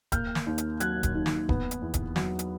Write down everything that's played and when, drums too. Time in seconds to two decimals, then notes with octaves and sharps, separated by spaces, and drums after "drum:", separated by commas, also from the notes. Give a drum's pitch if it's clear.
0.12 A#3 F6 G6, drum: kick, hi-hat
0.35 drum: snare
0.47 D#2
0.58 drum: hi-hat
0.80 F#3 F#6 G#6, drum: hi-hat
1.03 drum: kick, hi-hat
1.15 D#3
1.26 drum: snare
1.49 B3, drum: kick
1.71 drum: hi-hat
1.82 E2
1.94 drum: kick, hi-hat
2.16 F#3, drum: snare
2.39 drum: hi-hat